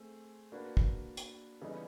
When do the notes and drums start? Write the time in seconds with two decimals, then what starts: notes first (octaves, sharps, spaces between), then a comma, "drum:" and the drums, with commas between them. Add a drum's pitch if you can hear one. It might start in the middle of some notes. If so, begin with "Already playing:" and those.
Already playing: A3 C4 G#4
0.52 A#3 D4 F#4 B4
0.77 drum: kick
1.17 drum: hi-hat
1.61 C#3 E3 G3 B3 D#4